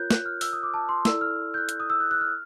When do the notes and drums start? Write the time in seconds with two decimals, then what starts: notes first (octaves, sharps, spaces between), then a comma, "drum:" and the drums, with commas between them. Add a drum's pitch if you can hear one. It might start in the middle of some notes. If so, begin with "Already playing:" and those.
Already playing: F4 A#4 C#5 F#6 G6
0.11 F#6, drum: snare
0.26 F6
0.41 E6, drum: open hi-hat
0.53 D#6
0.63 D6
0.74 A5
0.89 C6
1.05 E4 A4 D5 E6, drum: snare
1.21 F6
1.54 G6
1.57 F#6
1.69 drum: hi-hat
1.80 D#6
1.90 E6
2.00 F#6
2.11 F#6
2.21 F6